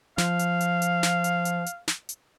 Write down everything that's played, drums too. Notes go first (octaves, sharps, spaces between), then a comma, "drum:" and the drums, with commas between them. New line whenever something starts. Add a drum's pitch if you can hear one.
F3 F5, drum: snare
drum: hi-hat
drum: hi-hat
drum: hi-hat
drum: snare
drum: hi-hat
drum: hi-hat
drum: hi-hat
drum: snare
drum: hi-hat